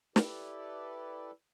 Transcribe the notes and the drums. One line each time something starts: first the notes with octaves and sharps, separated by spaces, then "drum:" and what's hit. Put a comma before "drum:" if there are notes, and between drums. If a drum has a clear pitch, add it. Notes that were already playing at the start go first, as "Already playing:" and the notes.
E4 G4 A4 B4 D5, drum: snare